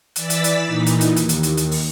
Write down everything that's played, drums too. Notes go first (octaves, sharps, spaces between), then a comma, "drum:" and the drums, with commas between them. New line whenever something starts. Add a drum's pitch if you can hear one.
E3 D5 E6 A6 B6, drum: hi-hat
drum: hi-hat
drum: hi-hat
A#2 E3 D#4
drum: hi-hat
drum: hi-hat
D#2, drum: hi-hat
drum: hi-hat
drum: hi-hat
drum: hi-hat
drum: open hi-hat